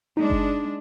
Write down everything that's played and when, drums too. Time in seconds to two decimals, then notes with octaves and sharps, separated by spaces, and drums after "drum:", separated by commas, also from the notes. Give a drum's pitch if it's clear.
0.17 G#3 D4 D#4
0.30 drum: kick F#1